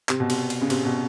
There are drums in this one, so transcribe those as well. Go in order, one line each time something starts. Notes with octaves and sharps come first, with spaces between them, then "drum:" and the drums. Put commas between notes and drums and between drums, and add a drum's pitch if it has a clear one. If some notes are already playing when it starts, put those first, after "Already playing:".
C3, drum: clap
B2
C3, drum: cymbal
drum: cymbal
C#3
C3, drum: cymbal
B2